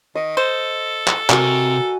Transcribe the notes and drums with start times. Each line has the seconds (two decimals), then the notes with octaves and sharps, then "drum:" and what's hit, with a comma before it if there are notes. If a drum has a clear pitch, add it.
0.15 D#3 D#5
0.37 A4 C5
1.07 drum: clap
1.30 C3 F#4 A#4 G#5, drum: clap